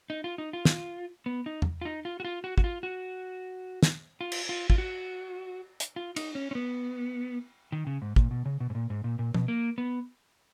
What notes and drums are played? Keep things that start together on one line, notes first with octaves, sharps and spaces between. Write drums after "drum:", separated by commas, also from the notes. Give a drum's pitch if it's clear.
D#4
F4
D#4
F4
drum: snare
B3
D#4
drum: tom E2
F4
D#4
F4
F#4
F4
F#4
F#4, drum: kick
F4
F#4
drum: snare
F4
drum: cymbal
F4
F4, drum: kick
F#4
drum: hi-hat
F4
D#4, drum: cymbal
C#4
C#4
B3
D#3
C#3
G#2
A#2, drum: kick
B2
C#3
B2
G#2
A#2
G#2
A#2
A#2
B2, drum: tom F3
A#3
B3